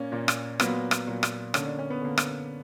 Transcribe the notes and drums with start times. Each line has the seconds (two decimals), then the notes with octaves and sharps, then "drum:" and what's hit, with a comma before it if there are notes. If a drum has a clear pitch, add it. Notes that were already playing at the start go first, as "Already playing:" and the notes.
Already playing: A#2 A#3 C#4
0.12 A#2 A#3
0.28 drum: rim click
0.60 A#2 F#3 A#3 B3, drum: rim click
0.91 drum: rim click
1.07 A#2 F#3 A#3
1.23 drum: rim click
1.54 D3 A#3 C#4, drum: rim click
1.66 D4
1.79 C#4
1.90 B3
2.02 D3 A#3
2.18 drum: rim click